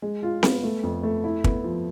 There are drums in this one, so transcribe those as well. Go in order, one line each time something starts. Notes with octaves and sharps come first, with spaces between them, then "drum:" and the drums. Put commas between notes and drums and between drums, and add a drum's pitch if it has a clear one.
G#3
F4
B3, drum: snare C4
A3
F2
A3
E4
B3, drum: kick
F3